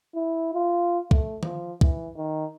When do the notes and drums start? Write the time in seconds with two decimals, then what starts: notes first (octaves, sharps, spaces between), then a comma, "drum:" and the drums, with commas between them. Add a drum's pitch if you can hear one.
0.15 E4
0.54 F4
1.11 A3, drum: kick
1.43 F3, drum: tom D#3
1.81 E3, drum: kick
2.16 D#3